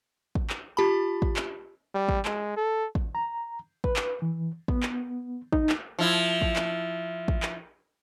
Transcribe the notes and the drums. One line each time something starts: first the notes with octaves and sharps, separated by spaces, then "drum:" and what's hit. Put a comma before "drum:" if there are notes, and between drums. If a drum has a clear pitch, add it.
drum: kick
drum: clap
F4 G4 A5 B5
drum: kick
drum: clap
G3
drum: kick
G#3, drum: clap
A4
drum: kick
A#5
B4, drum: kick
drum: clap
E3
B3, drum: kick
drum: clap
D#4, drum: kick
drum: clap
F3 E4
drum: kick
drum: clap
drum: kick
drum: clap